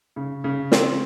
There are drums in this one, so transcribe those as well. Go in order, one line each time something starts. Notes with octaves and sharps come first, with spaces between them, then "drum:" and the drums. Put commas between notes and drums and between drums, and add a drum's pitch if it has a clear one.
C#3
C#3
C4, drum: snare